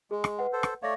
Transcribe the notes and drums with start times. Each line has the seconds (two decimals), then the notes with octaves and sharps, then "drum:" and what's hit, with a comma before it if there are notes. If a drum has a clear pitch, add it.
0.11 G#3 G#4
0.24 drum: rim click
0.39 B4 F#5
0.53 A4 C5
0.63 drum: rim click
0.83 A3 C#5 D5 F5 A#6